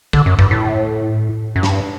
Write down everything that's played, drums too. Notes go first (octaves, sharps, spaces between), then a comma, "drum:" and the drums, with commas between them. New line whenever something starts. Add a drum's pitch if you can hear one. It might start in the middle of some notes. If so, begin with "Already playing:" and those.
D3, drum: kick
F#2
G2, drum: kick
A2
F#2
G2, drum: snare